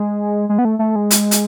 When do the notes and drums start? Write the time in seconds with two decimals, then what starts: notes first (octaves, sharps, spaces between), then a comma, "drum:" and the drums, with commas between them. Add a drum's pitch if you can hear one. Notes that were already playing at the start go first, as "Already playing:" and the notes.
Already playing: G#3
0.49 G#3
0.59 B3
0.65 A3
0.79 A3
0.96 G#3
1.11 drum: hi-hat
1.31 drum: hi-hat